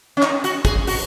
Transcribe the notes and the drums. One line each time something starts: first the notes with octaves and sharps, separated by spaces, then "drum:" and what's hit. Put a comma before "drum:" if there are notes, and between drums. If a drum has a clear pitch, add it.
C#4
D#4, drum: clap
F#4, drum: hi-hat
G#4, drum: kick, hi-hat
F#4, drum: open hi-hat